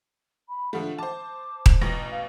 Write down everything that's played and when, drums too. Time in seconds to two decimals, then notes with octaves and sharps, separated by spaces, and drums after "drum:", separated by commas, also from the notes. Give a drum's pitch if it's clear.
0.49 B5
0.73 D3 F3 A3 F#5
0.98 C5 A5 D6
1.66 drum: kick D#1
1.81 A1 B2 A#5 A#6
2.10 F5